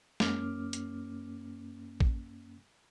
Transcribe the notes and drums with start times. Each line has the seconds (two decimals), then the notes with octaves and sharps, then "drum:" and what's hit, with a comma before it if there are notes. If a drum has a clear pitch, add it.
0.20 F#2 A#3 C#4 D6 F6, drum: snare
0.73 drum: hi-hat
2.00 drum: kick